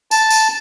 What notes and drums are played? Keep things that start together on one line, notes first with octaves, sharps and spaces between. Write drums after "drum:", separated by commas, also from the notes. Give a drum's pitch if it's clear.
A5, drum: tambourine
drum: tambourine